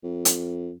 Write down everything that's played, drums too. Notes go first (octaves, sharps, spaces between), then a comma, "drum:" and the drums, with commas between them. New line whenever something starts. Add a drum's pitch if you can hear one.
F2
drum: hi-hat